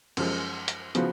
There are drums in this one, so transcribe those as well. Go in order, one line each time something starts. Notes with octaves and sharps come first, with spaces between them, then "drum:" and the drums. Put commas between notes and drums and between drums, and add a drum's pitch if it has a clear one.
F#2 F3 G#3, drum: cymbal
drum: hi-hat
C#3 F3 B3 F#4, drum: hi-hat